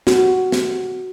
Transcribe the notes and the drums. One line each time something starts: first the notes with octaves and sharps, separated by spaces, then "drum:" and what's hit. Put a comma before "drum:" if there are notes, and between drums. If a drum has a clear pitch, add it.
F#4, drum: snare
drum: snare